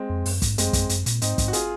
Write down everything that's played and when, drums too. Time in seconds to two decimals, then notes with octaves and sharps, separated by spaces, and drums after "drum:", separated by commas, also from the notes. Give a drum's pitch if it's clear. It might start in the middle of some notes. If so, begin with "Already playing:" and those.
Already playing: G#3 C4
0.10 F2
0.26 F#2, drum: open hi-hat
0.42 G#2, drum: kick, hi-hat
0.58 F#2 G#3 C4, drum: hi-hat
0.73 F#2, drum: kick, hi-hat
0.89 F#2, drum: hi-hat
1.06 A#2, drum: hi-hat
1.22 G#2 C4 D#4, drum: hi-hat
1.38 G#2, drum: kick, hi-hat
1.48 F#4
1.53 F4 G#4, drum: hi-hat